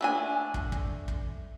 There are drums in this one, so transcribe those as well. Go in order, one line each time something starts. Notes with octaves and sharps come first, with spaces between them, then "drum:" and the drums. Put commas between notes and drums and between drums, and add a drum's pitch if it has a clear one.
A3 D4 G#5
drum: kick
drum: kick
drum: kick